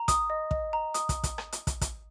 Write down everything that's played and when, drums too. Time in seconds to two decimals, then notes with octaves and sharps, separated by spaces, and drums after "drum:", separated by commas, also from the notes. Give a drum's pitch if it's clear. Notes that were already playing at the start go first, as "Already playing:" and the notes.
Already playing: A#5
0.08 D#6, drum: kick, hi-hat
0.30 D#5
0.51 D#5, drum: kick
0.73 A#5
0.94 D#6, drum: hi-hat
1.09 drum: kick, hi-hat
1.24 drum: kick, hi-hat
1.38 drum: rim click
1.52 drum: hi-hat
1.67 drum: kick, hi-hat
1.81 drum: kick, hi-hat